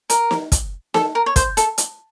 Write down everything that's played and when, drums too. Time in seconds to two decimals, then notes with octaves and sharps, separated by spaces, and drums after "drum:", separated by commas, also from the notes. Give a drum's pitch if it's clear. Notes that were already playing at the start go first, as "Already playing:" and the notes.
0.10 A#4, drum: hi-hat
0.31 drum: snare
0.52 drum: kick, hi-hat
0.94 A4, drum: snare
1.15 A#4
1.26 C#5
1.36 C5, drum: kick, hi-hat
1.57 A4, drum: hi-hat
1.78 drum: hi-hat